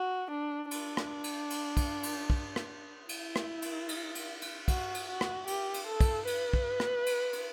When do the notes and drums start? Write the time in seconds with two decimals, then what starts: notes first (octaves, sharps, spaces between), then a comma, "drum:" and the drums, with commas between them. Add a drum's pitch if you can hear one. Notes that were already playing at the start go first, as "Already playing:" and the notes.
Already playing: F#4
0.31 D4
0.71 D4, drum: cymbal
0.97 drum: rim click
1.24 drum: cymbal
1.50 drum: cymbal
1.77 drum: kick, cymbal
2.03 drum: cymbal
2.30 drum: kick
2.56 drum: rim click
3.09 E4, drum: cymbal
3.36 drum: rim click
3.62 drum: cymbal
3.89 drum: cymbal
4.15 drum: cymbal
4.42 drum: cymbal
4.68 F#4, drum: kick, cymbal
4.95 drum: cymbal
5.08 F#4
5.21 drum: rim click
5.47 G4, drum: cymbal
5.74 drum: cymbal
5.87 A4
6.00 drum: kick, cymbal
6.27 B4, drum: cymbal
6.53 drum: kick
6.80 drum: rim click
7.06 drum: cymbal
7.33 drum: cymbal